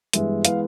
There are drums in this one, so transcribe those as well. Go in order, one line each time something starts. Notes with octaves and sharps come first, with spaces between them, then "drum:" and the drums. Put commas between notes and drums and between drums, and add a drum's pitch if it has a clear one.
G2 E3 G#3 B3 E5, drum: hi-hat
E3 G#3 B3 F5, drum: hi-hat